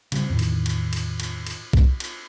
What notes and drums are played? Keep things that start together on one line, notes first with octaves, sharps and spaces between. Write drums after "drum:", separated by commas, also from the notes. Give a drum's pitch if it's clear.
C#3 G3 C4, drum: cymbal
E2 A2 D#3
drum: cymbal
drum: cymbal
drum: cymbal
drum: cymbal
drum: cymbal
drum: kick B1
drum: cymbal